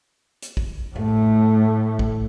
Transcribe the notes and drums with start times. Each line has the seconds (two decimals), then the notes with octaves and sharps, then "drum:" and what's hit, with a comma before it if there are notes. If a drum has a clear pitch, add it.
0.42 drum: hi-hat
0.57 drum: kick
0.96 A2 A3, drum: tom F2
1.99 drum: kick